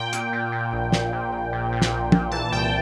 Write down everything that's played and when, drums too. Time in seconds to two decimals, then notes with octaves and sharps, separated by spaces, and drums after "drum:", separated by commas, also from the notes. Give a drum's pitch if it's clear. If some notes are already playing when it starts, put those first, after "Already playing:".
Already playing: A#2 G5
0.13 A#2, drum: hi-hat
0.33 A#2
0.52 A#2
0.73 A#1
0.92 A#1, drum: snare
1.13 A#2
1.32 A#1
1.53 A#2
1.72 A#2
1.82 drum: snare
1.92 A#1
2.12 A#2, drum: tom
2.31 E3 A5
2.52 C2 G5